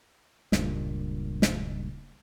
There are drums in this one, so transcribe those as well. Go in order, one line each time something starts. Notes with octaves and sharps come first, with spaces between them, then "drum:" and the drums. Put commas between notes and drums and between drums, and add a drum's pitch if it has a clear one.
D#1 C#2 G2 A#2, drum: snare
drum: snare